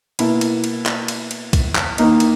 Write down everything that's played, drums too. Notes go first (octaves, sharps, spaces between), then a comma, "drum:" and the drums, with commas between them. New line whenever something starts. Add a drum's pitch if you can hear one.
B2 A#3 E4, drum: cymbal
drum: cymbal
drum: cymbal
drum: clap
drum: cymbal
drum: cymbal
drum: kick, cymbal
drum: clap
D#3 A#3 D#4, drum: cymbal
drum: cymbal